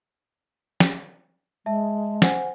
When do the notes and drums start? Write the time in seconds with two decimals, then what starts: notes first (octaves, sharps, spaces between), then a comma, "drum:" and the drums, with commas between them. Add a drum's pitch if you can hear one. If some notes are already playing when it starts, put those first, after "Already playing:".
0.80 drum: snare
1.66 G#3 E5 A5
2.22 C5 F#5 G#5, drum: snare